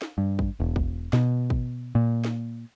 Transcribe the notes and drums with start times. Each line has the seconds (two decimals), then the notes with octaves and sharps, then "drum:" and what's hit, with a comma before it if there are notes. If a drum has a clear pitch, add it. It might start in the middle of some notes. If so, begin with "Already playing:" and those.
0.02 drum: snare
0.18 G2
0.39 drum: kick
0.60 E1
0.76 drum: kick
1.13 B2, drum: snare
1.50 drum: kick
1.95 A#2
2.25 drum: snare